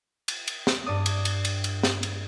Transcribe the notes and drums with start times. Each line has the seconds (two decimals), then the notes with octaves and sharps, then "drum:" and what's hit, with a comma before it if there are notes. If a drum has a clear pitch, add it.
0.28 drum: cymbal
0.48 drum: cymbal
0.67 drum: snare
0.86 G2 D5 D#6
1.06 drum: cymbal
1.25 drum: cymbal
1.45 drum: cymbal
1.64 drum: cymbal
1.83 drum: snare
2.03 drum: cymbal